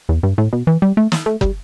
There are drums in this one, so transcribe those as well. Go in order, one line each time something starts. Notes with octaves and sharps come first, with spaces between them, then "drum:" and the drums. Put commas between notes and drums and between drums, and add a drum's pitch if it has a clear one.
E2
G2
A2
B2
E3
G3
A3
drum: snare
A3
G3, drum: kick